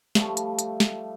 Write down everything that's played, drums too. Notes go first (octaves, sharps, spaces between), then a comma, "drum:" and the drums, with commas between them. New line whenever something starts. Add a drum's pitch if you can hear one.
F3 G3 A3, drum: snare
drum: hi-hat
drum: hi-hat
drum: snare